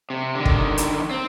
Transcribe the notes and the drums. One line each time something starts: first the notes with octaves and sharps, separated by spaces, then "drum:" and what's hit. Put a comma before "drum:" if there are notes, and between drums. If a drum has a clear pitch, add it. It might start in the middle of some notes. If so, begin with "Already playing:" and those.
C3
D3 D#3
drum: kick
drum: hi-hat
C4